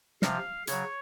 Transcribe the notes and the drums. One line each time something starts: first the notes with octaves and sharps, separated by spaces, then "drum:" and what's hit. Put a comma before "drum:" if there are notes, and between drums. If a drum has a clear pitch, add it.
C3 F3 F5, drum: snare
C#3 F#3 C#5, drum: hi-hat